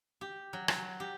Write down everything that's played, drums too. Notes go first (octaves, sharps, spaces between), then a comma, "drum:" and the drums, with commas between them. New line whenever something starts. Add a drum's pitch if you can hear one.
G4
F#3
F#3, drum: rim click
G4